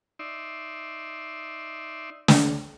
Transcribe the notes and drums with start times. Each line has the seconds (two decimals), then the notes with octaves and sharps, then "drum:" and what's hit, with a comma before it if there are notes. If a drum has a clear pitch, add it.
0.19 D#4 D5 E5 C6
2.28 drum: snare